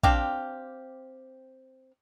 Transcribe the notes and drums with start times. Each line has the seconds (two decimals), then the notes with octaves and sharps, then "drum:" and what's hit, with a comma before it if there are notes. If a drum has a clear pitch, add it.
0.03 C4 D4 G4 F5, drum: kick